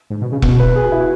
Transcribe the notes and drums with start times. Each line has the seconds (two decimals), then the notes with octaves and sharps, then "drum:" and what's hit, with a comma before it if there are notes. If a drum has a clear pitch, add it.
0.10 G#2
0.21 B2
0.32 C#3
0.42 B2, drum: kick E1
0.60 B4
0.76 G#4
0.84 F#4
0.92 E4
1.00 F#4